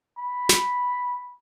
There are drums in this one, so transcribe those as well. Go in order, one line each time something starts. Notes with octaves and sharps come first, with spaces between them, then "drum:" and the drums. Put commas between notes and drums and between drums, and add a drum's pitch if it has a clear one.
B5
drum: snare